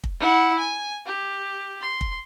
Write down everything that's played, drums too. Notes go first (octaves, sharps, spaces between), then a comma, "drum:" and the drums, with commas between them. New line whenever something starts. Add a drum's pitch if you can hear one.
drum: kick
E4 F#5
G#5
G4
C6
drum: kick